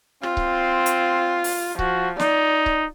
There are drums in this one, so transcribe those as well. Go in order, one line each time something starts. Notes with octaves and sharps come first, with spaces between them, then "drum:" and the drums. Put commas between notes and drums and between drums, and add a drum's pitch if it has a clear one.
C4 F4, drum: rim click
drum: kick C#1
drum: hi-hat
drum: open hi-hat
F3 F#4, drum: kick C#1
D#4 D5, drum: snare
drum: kick C#1